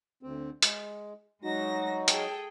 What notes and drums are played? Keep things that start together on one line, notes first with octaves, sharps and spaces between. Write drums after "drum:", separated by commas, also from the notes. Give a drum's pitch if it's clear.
D2 C4
G#3, drum: hi-hat
F#3 G#3 D#4 F#4 A#6
G#4 A4 G5, drum: hi-hat